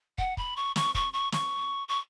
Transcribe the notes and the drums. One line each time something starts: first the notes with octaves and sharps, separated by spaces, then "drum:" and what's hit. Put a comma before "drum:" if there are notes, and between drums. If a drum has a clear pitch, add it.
F#5, drum: kick
B5, drum: kick
C#6
C#6, drum: snare
C#6, drum: kick
C#6
C#6, drum: snare
C#6